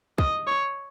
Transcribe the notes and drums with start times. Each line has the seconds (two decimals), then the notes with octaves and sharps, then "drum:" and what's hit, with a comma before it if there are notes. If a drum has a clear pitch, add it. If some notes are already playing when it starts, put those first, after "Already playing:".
0.18 D#5, drum: kick
0.47 C#5